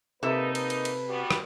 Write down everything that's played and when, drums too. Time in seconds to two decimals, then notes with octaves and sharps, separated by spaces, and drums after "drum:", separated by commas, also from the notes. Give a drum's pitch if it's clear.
0.23 C3 A#3 D#4 A4 B4
0.55 B4, drum: cymbal
0.70 drum: cymbal
0.85 drum: cymbal
1.08 G3 B3 F#4
1.31 drum: rim click